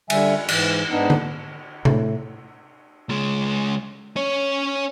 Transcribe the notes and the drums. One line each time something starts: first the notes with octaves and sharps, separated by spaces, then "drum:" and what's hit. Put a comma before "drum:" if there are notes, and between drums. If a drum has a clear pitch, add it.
D3 G3 E5 G#5, drum: cymbal
G#2 E3, drum: cymbal
G#2 B3 D4 D#4
drum: tom D3
A2, drum: tom C3
C#2 G#3
C#4 C#5